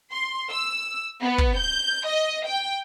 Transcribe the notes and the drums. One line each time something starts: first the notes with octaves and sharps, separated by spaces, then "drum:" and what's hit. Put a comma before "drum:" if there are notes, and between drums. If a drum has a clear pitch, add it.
C6
E6
B3
drum: kick
G6
D#5
G5